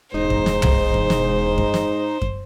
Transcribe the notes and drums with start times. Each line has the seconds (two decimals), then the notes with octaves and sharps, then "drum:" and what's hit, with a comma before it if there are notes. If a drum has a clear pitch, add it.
0.14 E1 G#2 D#4 C5
0.30 drum: kick F#2
0.46 drum: snare
0.62 drum: tom
0.94 drum: kick F#2
1.10 drum: snare
1.58 drum: kick F#2
1.74 drum: snare
2.22 drum: kick F#2